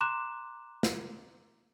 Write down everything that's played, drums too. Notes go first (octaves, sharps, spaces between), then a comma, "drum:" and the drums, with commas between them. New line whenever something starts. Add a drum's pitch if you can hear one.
A#5 C6 D6 F#6 E7
drum: snare